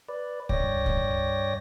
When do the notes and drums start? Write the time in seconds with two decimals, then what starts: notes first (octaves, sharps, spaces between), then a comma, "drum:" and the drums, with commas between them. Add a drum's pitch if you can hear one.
0.09 B4 D5
0.49 G2 C#5 D5 G5 A#6, drum: kick C#2
0.86 drum: kick C#2